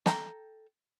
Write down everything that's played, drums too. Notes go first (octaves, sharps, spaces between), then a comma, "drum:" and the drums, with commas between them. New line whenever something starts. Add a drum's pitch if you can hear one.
A4 G5 A#5, drum: snare